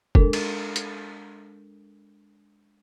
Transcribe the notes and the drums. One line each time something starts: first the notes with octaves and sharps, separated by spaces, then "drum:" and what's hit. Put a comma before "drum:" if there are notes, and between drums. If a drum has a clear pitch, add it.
G#3 D4 A4 A#4, drum: kick F1
drum: cymbal
drum: hi-hat